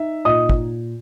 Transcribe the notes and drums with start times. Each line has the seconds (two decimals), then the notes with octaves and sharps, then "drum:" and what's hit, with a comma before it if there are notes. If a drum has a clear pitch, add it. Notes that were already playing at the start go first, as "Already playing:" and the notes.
Already playing: D#4 E5
0.25 A#2 D#5 D#6
0.49 drum: kick